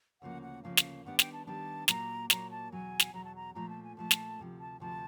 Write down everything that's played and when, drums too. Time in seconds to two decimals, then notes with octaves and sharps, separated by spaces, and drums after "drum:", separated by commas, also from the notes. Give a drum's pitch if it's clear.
0.21 D2 C#3 F3 A#3 F#5
0.42 F#5
0.63 D2 C#3 F3 A#3 F5
0.77 drum: snare
1.05 D#3 G3 B3 D4 F#5
1.19 G5, drum: snare
1.33 A5
1.47 D#3 G3 B3 D4 A5
1.88 A#2 F#3 A#3 A#5, drum: snare
2.30 A#2 F#3 A#3 A#5, drum: snare
2.50 A5
2.72 E2 B2 F#3 G#5
3.00 drum: snare
3.14 E2 B2 F#3 A#5
3.25 A5
3.36 A#5
3.55 A#2 F3 A3 A#5
3.69 A5
3.84 G#5
3.97 A#2 F3 A3 A5
4.11 drum: snare
4.39 D2 C3 F3
4.60 A5
4.80 D2 C3 F3 A5